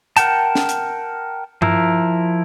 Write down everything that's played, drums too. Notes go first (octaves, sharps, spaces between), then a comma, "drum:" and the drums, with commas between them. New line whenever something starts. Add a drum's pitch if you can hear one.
A#4 F#5 G5 A5, drum: hi-hat
drum: snare
drum: hi-hat
F3 E4 A#4, drum: tom G2